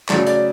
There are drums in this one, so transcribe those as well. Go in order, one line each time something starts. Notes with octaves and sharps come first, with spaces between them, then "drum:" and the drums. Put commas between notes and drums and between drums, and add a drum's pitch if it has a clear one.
C#3 F#3 A3 D5, drum: clap
D5, drum: hi-hat